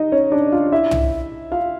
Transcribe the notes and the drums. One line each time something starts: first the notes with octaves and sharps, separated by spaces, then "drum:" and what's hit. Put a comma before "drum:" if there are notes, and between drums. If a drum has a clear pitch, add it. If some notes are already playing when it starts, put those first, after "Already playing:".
Already playing: D#4 D#5
C#4 C#5
D4 D5
F4 F5
E4 E5
drum: tom
F4 F5